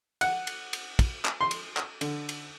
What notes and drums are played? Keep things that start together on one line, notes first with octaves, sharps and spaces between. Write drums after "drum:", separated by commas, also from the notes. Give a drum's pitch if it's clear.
F#5, drum: cymbal
drum: cymbal
drum: cymbal
drum: kick, cymbal
drum: clap
C6
drum: cymbal
drum: clap
D3, drum: cymbal
drum: cymbal